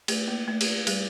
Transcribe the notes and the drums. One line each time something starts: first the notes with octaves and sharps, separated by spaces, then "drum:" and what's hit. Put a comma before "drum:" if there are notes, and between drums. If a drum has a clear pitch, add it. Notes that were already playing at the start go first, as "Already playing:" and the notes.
A3, drum: cymbal
A#3
A3
drum: cymbal
G3, drum: cymbal